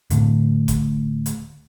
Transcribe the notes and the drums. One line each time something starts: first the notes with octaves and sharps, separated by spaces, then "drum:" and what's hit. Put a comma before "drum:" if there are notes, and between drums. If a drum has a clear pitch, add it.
D1 D2 A2, drum: hi-hat
drum: kick G1, hi-hat
drum: hi-hat